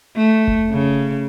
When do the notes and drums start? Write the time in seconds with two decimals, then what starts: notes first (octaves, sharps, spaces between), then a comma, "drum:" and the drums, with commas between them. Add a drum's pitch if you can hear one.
0.16 A3
0.48 drum: kick F1
0.71 C#3